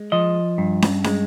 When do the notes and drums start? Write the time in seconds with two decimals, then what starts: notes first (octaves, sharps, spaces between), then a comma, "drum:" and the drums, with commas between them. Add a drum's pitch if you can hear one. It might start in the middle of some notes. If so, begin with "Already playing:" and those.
Already playing: G#3
0.12 F3 D#5
0.58 G2
0.82 drum: snare
1.04 G#3, drum: snare